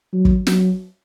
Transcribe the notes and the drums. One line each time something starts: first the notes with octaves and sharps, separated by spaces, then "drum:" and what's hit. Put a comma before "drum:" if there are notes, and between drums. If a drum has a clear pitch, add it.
F#3
drum: kick
F#3, drum: snare